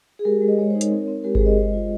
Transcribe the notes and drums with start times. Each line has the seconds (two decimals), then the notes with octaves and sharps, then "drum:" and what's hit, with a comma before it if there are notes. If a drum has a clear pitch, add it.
0.19 G#4
0.25 G#3 G4 A#4
0.42 G#3
0.48 D#5
0.58 G#3 C#5
0.70 D#4 C5
0.81 A#4 C#5, drum: hi-hat
0.91 C4
1.07 C4
1.24 G#3 G4 A#4
1.35 G#4 C5, drum: kick G1
1.40 G#3
1.46 C5 D#5
1.57 G#3 C5 D#5
1.73 F4